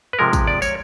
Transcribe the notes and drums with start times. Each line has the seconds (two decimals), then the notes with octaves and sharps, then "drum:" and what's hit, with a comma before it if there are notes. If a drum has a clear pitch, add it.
0.13 B4
0.19 C3 F3 G#3 A#4
0.33 drum: kick, tambourine
0.47 D5
0.62 C#5, drum: tambourine